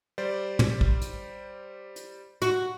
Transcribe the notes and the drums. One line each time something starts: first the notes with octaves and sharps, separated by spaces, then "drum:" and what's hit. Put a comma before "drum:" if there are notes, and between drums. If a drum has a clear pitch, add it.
G3 C5 D5
drum: tom
drum: kick
drum: hi-hat
drum: hi-hat
F#4, drum: hi-hat